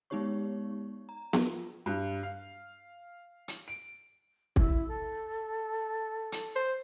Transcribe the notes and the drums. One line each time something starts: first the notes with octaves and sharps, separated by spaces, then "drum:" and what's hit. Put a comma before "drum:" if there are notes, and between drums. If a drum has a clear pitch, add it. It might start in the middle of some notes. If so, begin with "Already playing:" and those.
G#3 B3 D#4 G4 C#5 C#6
A#5
F4, drum: snare B3
G2
F5
drum: hi-hat
D7
E4, drum: kick
A4
drum: hi-hat
C5